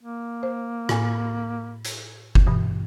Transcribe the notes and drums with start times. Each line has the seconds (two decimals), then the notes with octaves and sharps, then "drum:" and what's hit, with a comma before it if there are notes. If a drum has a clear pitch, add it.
0.03 A#3
0.43 C5
0.89 A2 G#5, drum: rim click
1.85 drum: hi-hat
2.35 drum: kick F#1
2.46 G2 B2 E3